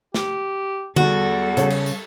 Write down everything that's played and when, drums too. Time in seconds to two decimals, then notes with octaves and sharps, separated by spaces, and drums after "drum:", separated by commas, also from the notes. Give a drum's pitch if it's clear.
0.14 G4, drum: snare
0.96 E2 G3 F#4 A4, drum: tom D3
1.57 C#3, drum: hi-hat
1.70 drum: cymbal
1.86 drum: tambourine